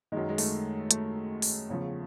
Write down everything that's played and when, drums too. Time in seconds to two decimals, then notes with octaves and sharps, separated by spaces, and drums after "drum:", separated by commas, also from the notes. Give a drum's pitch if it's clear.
0.12 F#2 D#3 G#3
0.29 G#3
0.38 A3, drum: open hi-hat
0.91 A3, drum: hi-hat
1.42 drum: open hi-hat
1.69 E2 C#3 F3